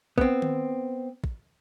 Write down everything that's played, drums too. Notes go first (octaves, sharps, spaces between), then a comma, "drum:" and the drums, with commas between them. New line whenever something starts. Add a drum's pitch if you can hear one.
B3 C4, drum: kick
drum: tom D#3
drum: kick